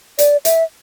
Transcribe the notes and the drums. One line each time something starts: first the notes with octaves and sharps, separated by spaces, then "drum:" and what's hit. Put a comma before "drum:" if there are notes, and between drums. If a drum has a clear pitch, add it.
D5, drum: hi-hat
E5, drum: hi-hat